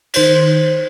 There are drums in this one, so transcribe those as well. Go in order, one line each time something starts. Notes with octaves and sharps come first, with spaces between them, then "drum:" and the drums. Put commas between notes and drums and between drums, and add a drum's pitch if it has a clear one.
D#3 C5 G6 B6, drum: cymbal